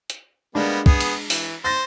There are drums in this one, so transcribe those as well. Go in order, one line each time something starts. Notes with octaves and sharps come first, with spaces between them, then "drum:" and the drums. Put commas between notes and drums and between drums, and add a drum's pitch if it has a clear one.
drum: hi-hat
G3 G#3 A#3 B3 D4
B3 G#4, drum: kick
drum: cymbal
E3, drum: open hi-hat
C5 A6 A#6